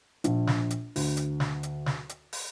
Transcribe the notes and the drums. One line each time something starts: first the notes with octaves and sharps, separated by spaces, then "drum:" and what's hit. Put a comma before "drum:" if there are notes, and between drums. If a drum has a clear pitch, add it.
A#1, drum: hi-hat
drum: snare
drum: hi-hat
D2, drum: open hi-hat
drum: hi-hat
drum: snare
drum: hi-hat
drum: snare
drum: hi-hat
drum: open hi-hat